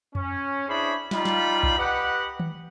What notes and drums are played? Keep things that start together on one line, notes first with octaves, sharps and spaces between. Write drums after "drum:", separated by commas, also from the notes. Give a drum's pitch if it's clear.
C#4, drum: tom F2
D4 E4 G#4 C5 C#5 B5
G3 D#4 F4 F5 B5, drum: snare
drum: snare
drum: kick B1
G4 B4 D#5 F#5
drum: tom D#3